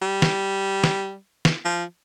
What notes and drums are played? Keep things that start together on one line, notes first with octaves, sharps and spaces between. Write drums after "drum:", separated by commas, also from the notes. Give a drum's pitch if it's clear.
G3
drum: snare
drum: snare
drum: snare
F3